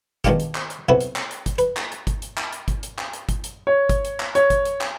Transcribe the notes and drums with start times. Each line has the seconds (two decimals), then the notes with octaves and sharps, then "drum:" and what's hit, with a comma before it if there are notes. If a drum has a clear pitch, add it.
0.24 B2 D#3 G#3 D4 F4 G4, drum: kick G1, hi-hat
0.40 drum: hi-hat
0.55 drum: clap
0.70 drum: hi-hat
0.89 B1 C3 E4 F#4 B4
1.00 drum: hi-hat
1.16 drum: clap
1.31 drum: hi-hat
1.46 drum: kick G1, hi-hat
1.58 B4, drum: hi-hat
1.77 drum: clap
1.92 drum: hi-hat
2.07 drum: kick G1, hi-hat
2.22 drum: hi-hat
2.37 drum: clap
2.53 drum: hi-hat
2.68 drum: kick G1, hi-hat
2.83 drum: hi-hat
2.98 drum: clap
3.13 drum: hi-hat
3.29 drum: kick G1, hi-hat
3.44 drum: hi-hat
3.67 C#5
3.89 drum: kick G1, hi-hat
4.05 drum: hi-hat
4.20 drum: clap
4.35 C#5, drum: hi-hat
4.50 drum: kick G1, hi-hat
4.65 drum: hi-hat
4.81 drum: clap